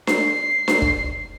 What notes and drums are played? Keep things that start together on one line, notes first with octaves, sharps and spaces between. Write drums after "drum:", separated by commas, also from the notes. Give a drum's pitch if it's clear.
C7, drum: snare D4
drum: snare D4
drum: kick